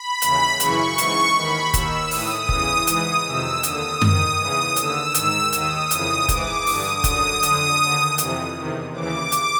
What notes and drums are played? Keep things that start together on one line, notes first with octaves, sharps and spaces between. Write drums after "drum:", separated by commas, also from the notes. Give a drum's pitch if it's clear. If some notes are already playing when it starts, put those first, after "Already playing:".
Already playing: B5
D#2 C#3 E3, drum: hi-hat
F#2 C#3 E3 C#6, drum: hi-hat
G#2 E3, drum: hi-hat
D#2 D#3 B5
D#2 D#3 E6, drum: kick F1, hi-hat
A2 E3 D#6, drum: open hi-hat
E2 C#3 E3, drum: kick F1
G#2 E3 D#6, drum: hi-hat
F2 C3 D#3 E6
D#2 D3 D#6, drum: hi-hat
G#2 D#3, drum: tom F#2
E2 C#3 E3 D#6
D#2 D3 E6, drum: hi-hat
G#2 D#3, drum: hi-hat
D#2 D#3 D#6, drum: hi-hat
F2 C#3 E3, drum: hi-hat
G#2 E3 D6, drum: kick F1, hi-hat
G2 D3 D#6, drum: open hi-hat
F#2 D3, drum: kick F1, hi-hat
F2 D3, drum: hi-hat
D#2 D3
F2 C3 E3, drum: hi-hat
E2 C3 D#3
D#2 C#3 E3 D6
drum: hi-hat